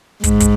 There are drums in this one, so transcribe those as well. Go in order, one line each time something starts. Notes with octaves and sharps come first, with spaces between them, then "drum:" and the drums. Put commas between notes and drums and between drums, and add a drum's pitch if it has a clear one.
G#2, drum: kick, hi-hat
drum: kick, hi-hat